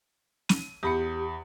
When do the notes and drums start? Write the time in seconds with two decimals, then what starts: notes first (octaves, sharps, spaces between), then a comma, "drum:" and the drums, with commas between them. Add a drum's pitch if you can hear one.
0.49 D#7, drum: snare
0.83 E2 G4 B5 C#7